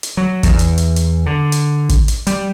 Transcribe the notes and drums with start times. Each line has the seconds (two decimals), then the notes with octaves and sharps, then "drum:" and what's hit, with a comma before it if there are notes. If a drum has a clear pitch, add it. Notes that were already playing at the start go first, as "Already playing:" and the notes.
0.03 drum: hi-hat
0.17 F#3
0.43 E2, drum: kick, hi-hat
0.59 drum: hi-hat
0.78 drum: hi-hat
0.96 drum: hi-hat
1.26 D3
1.52 drum: hi-hat
1.89 drum: kick, hi-hat
2.08 drum: hi-hat
2.27 G3, drum: hi-hat